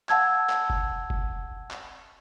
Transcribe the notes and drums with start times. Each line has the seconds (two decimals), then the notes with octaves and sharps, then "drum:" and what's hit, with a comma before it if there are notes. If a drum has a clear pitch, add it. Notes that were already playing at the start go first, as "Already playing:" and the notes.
0.09 F5 F#5 A5 E6 G#6, drum: clap
0.50 drum: clap
0.70 drum: kick F1
1.10 drum: kick F1
1.71 drum: clap